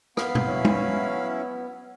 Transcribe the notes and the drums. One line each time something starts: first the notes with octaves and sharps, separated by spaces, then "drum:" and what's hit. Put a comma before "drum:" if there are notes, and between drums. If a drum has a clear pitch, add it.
B3 F5 B5, drum: rim click
drum: tom
F#3 C#4 E4
drum: tom